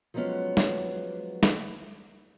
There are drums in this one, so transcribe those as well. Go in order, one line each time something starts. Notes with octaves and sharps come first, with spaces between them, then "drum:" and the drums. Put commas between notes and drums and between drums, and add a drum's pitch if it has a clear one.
F3 F#3 G#3 B3 C#4
drum: snare
drum: snare